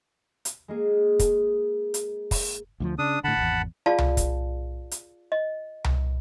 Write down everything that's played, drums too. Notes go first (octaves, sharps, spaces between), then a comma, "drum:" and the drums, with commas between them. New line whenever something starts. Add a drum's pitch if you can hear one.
drum: hi-hat
G#3 A#3 G#4
drum: kick, hi-hat
drum: hi-hat
drum: kick, open hi-hat
D2 E3 F3
C#3 D4 D#6
A2 D3 F#5 A5 B5
G#1 E2
F4 G#4 D5 F5 A5
drum: tom C2
drum: kick, hi-hat
drum: hi-hat
D#5
drum: tom C2